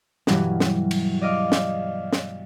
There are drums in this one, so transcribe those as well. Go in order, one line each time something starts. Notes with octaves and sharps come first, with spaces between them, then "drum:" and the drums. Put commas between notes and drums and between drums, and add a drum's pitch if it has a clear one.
G2 B2 E3 F#3 G3, drum: snare
drum: snare
drum: cymbal
D5 D#5 F5 D6
drum: snare
drum: snare